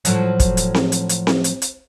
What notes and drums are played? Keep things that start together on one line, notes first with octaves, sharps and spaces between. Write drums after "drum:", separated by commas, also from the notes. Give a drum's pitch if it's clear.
A2 F3 F#3, drum: hi-hat
drum: kick, hi-hat
drum: hi-hat
drum: snare C4
drum: hi-hat
drum: hi-hat
drum: snare C4
drum: hi-hat
drum: hi-hat